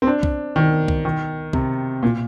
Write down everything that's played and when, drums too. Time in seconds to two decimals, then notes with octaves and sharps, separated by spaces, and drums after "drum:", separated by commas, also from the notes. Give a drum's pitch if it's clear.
0.02 C4
0.07 D4
0.23 drum: kick B1
0.56 D#3
0.88 drum: kick B1
1.05 D#3
1.53 C3, drum: kick B1
2.03 A#2